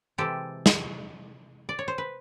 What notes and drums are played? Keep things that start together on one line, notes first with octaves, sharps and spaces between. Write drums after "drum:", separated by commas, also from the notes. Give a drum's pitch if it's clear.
C3 E3 G#3 G4 A4
drum: snare
D5
C#5
C5
B4